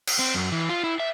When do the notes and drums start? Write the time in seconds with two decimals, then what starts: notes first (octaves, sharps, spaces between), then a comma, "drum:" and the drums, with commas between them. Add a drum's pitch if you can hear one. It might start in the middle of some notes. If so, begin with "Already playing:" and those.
0.07 drum: cymbal
0.19 C4
0.35 F#2
0.52 E3
0.69 F4
0.84 E4
1.00 E5